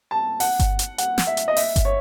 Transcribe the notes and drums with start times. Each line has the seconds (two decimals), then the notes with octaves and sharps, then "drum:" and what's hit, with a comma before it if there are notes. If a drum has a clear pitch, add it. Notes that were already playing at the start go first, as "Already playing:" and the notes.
0.11 A5
0.40 F#5, drum: open hi-hat
0.59 drum: kick G1, hi-hat
0.79 drum: hi-hat
0.98 F#5, drum: hi-hat
1.18 drum: snare
1.27 E5
1.37 drum: hi-hat
1.48 D#5
1.57 E5, drum: open hi-hat
1.76 drum: kick G1, hi-hat
1.85 C#5